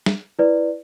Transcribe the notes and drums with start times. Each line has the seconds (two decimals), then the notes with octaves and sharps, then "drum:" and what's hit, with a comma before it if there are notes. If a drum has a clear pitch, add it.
0.06 drum: snare
0.39 E4 B4 D5